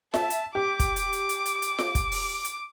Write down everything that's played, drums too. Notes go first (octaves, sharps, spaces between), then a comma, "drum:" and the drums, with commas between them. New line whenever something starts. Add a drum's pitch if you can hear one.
E5 A5, drum: snare F4
drum: hi-hat
G4 D6
drum: kick, hi-hat
drum: hi-hat
drum: hi-hat
drum: hi-hat
drum: hi-hat
drum: hi-hat
drum: snare F4
drum: kick, hi-hat
drum: open hi-hat
drum: hi-hat